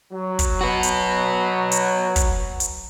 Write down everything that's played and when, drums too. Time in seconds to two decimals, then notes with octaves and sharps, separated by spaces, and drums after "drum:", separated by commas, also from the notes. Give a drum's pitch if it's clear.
0.12 F#3
0.39 drum: kick, hi-hat
0.61 F#4 B4
0.83 drum: hi-hat
1.72 drum: hi-hat
2.16 drum: kick, hi-hat
2.60 drum: hi-hat